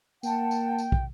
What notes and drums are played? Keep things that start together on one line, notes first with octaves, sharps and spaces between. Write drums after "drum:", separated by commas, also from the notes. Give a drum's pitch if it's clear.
A#3 F#5 G5 A5, drum: tambourine
drum: tambourine
drum: tambourine
drum: kick